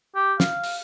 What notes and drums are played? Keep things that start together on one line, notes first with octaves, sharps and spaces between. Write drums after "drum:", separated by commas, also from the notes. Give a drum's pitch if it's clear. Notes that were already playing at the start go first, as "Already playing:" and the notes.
G4
F5, drum: snare
drum: open hi-hat